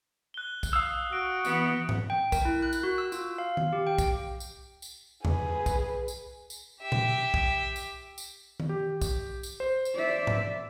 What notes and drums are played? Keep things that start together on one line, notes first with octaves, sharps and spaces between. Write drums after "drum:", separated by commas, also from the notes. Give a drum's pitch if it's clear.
F#6 G7
drum: kick B1, tambourine
F5 D#6 E6
F#4 D7
E3 B3, drum: tambourine
drum: tom G#2
G5
A#4, drum: kick B1, tambourine
E4
F#6
drum: tambourine
F#4
E6
F4, drum: tambourine
F5
F5, drum: tom D#3
G4
G5
drum: kick B1, tambourine
drum: tambourine
drum: tambourine
G#4 B4, drum: tom E2
drum: kick B1, tambourine
drum: tambourine
drum: tambourine
G4 E5
drum: tom A#2
drum: kick B1
drum: tambourine
drum: tambourine
drum: tom D#3
G4
drum: kick B1, tambourine
drum: tambourine
C5
drum: tambourine
D5 E5
drum: tom G#2